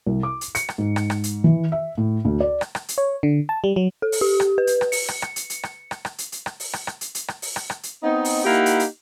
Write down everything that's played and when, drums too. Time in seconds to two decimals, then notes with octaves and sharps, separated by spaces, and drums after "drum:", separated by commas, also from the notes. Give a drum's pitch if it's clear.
0.06 C2
0.23 D6
0.41 drum: hi-hat
0.55 C#7, drum: hi-hat
0.69 drum: rim click
0.78 G#2
0.96 drum: rim click
1.10 drum: rim click
1.24 drum: hi-hat
1.44 E3
1.72 E5
1.98 A2
2.25 D2
2.40 D5
2.61 drum: rim click
2.75 drum: rim click
2.89 drum: hi-hat
2.98 C#5
3.23 D3
3.49 A5
3.64 G3
3.76 F#3
4.02 A4
4.12 drum: open hi-hat
4.21 G4
4.40 drum: rim click
4.58 B4
4.67 drum: hi-hat
4.81 drum: rim click
4.92 C#7, drum: open hi-hat
5.08 drum: rim click
5.22 drum: rim click
5.36 drum: hi-hat
5.50 drum: hi-hat
5.63 drum: rim click
5.91 drum: rim click
6.05 drum: rim click
6.18 drum: hi-hat
6.32 drum: hi-hat
6.46 drum: rim click
6.60 drum: open hi-hat
6.73 drum: rim click
6.87 drum: rim click
7.01 drum: hi-hat
7.15 drum: hi-hat
7.28 drum: rim click
7.42 drum: open hi-hat
7.56 drum: rim click
7.70 drum: rim click
7.83 drum: hi-hat
8.03 B3 C4 D#4
8.25 drum: open hi-hat
8.45 A#3 D#4 E4 G4 F#5
8.66 drum: hi-hat
8.80 drum: hi-hat